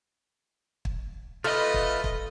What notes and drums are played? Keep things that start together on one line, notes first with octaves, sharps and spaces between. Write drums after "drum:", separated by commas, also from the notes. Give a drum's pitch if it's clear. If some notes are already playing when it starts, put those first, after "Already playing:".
drum: kick
A3 F4 B4 D#5
drum: kick
drum: kick